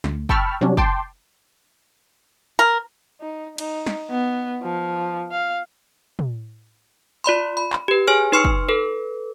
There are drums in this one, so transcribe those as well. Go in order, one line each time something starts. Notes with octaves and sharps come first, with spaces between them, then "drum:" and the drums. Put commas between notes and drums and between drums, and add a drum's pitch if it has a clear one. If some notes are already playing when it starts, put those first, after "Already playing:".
D2, drum: snare
G5 A5 B5 C#6 E6 F6, drum: kick
C3 F#3 G3 C#4 D4
G5 A5 C6 D6, drum: kick
A#4
D#4
D#4, drum: cymbal
drum: snare
B3
F3
F5
drum: tom
F4 D5 B5 C6
B5
drum: clap
G4 B4
G#4 C#5 G#5 F6
D#4 B4 C6 C#6 F6 C#7
drum: kick
A4 B4